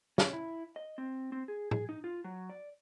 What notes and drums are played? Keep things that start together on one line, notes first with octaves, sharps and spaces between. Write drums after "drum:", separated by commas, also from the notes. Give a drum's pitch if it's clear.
C#4, drum: snare
E4
D#5
C4
C4
G#4
G#4, drum: tom A2
D#4
F4
F#3
D5